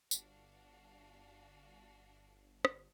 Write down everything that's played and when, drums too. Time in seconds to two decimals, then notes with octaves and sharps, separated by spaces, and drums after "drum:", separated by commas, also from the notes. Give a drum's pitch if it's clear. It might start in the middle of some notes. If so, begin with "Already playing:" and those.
0.11 G1 D4 F#4 F5, drum: tambourine
2.65 drum: rim click